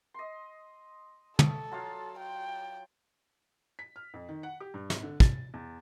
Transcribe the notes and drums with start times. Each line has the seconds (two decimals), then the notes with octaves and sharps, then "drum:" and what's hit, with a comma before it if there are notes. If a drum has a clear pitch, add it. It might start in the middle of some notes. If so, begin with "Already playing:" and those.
0.14 D#5 C6
1.39 A4 C#6 D#6, drum: tom
1.71 F#3 F4 F5
2.19 G5
3.79 B6
3.96 F6
4.14 F2
4.29 D#3
4.43 F#5
4.60 G4
4.74 G2
4.90 G#1, drum: snare
5.03 D3
5.20 A6, drum: kick
5.54 E2